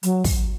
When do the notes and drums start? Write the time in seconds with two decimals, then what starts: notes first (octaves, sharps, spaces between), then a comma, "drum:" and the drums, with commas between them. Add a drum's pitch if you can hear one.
0.03 F#3, drum: hi-hat
0.24 drum: kick, open hi-hat